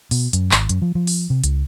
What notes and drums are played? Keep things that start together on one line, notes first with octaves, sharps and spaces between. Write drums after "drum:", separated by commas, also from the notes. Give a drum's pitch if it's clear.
B2, drum: open hi-hat
F#2, drum: hi-hat
G#1, drum: clap
F#2, drum: hi-hat
F3
F3
drum: open hi-hat
C3
C#2, drum: hi-hat